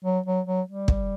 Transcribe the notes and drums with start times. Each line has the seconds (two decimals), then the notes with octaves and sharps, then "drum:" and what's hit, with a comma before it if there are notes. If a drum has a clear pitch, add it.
0.04 F#3
0.26 F#3
0.47 F#3
0.68 G3
0.88 drum: kick